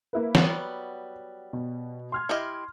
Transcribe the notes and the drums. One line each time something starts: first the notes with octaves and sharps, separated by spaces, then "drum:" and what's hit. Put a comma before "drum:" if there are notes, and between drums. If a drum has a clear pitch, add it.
A#3 E4 B4
F#3 G3 B3 F#7, drum: snare
B2
C6 F6 G#6
E4 G4 D#5